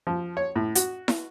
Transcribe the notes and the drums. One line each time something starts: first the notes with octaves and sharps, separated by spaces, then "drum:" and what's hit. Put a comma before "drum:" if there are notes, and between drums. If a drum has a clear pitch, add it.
F3
C#5
A2
F#4, drum: hi-hat
drum: snare